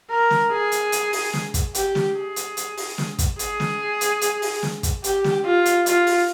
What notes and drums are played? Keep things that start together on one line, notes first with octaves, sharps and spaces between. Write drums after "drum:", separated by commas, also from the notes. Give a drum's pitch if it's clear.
A#4
drum: snare
G#4
drum: hi-hat
drum: hi-hat
drum: open hi-hat
drum: snare
drum: kick, hi-hat
G4, drum: hi-hat
drum: snare
G#4
drum: hi-hat
drum: hi-hat
drum: open hi-hat
drum: snare
drum: kick, hi-hat
G#4, drum: hi-hat
drum: snare
drum: hi-hat
drum: hi-hat
drum: open hi-hat
drum: snare
drum: kick, hi-hat
G4, drum: hi-hat
drum: snare
F4
drum: hi-hat
F4, drum: hi-hat
drum: open hi-hat